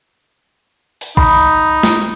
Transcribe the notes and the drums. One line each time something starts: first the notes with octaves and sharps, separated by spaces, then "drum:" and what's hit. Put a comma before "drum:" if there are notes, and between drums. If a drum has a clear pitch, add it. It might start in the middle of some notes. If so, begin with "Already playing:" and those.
drum: open hi-hat
D#4 B5, drum: kick A#1
drum: snare